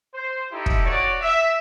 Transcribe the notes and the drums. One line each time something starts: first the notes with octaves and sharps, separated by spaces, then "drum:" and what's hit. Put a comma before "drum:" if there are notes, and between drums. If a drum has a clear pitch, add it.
C5
D#4 E4 G4 A4
drum: kick
F#4 C#5 D5
E5